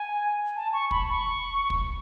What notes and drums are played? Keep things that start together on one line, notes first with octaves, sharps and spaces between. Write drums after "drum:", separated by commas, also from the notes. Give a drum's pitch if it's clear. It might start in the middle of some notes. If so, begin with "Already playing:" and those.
Already playing: G#5
A5
C#6
B5, drum: kick
C#6
drum: kick